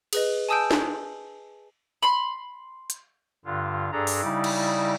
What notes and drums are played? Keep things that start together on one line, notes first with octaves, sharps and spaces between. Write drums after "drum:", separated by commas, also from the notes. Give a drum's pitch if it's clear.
G#4 B4 D#5, drum: cymbal
G#5 A5 D#6 E6 G6 D7
drum: snare
B5 C6
drum: hi-hat
G2 D3 F4
G2 D4 G#4 A4 A#5
drum: open hi-hat
C#3 G3 D#4 E4 D5
drum: cymbal